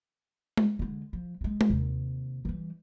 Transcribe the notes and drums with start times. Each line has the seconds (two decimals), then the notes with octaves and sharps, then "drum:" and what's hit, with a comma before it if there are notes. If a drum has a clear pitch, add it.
0.57 drum: tom G#3
0.79 D3 G#3
1.13 F3
1.41 G3 G#3
1.61 drum: tom G#3
1.70 D#2 C3
2.45 E3 G3